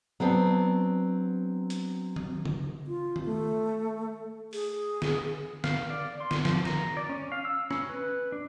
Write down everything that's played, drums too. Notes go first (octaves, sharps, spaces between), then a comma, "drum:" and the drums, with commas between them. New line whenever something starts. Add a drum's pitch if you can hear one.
F#3 B3 C4 D4
drum: hi-hat
drum: tom D#3
drum: tom C#3
F4
drum: tom D#3
A3
G#4, drum: open hi-hat
drum: snare
F5, drum: snare
D5
C6
drum: snare
F3, drum: snare
A#5, drum: snare
D5
C#4
F5
E6
C#4, drum: rim click
B4
D4